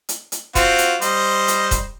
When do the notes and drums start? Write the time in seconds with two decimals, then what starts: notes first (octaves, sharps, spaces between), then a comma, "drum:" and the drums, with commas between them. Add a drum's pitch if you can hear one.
0.09 drum: hi-hat
0.32 drum: hi-hat
0.55 C4 F4 F#4, drum: kick D#1, hi-hat
0.78 drum: hi-hat
1.01 G3 C5 D#5, drum: hi-hat
1.48 drum: hi-hat
1.71 drum: kick D#1, hi-hat